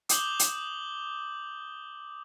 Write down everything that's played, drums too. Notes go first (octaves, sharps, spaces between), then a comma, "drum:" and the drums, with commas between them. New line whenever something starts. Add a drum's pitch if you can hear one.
D6 D#6 G6 F#7 G7, drum: hi-hat
drum: hi-hat